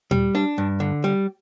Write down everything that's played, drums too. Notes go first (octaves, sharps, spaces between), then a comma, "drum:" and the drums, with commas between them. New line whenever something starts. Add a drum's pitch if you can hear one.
G3, drum: tom A#2
D4
G2
D3
G3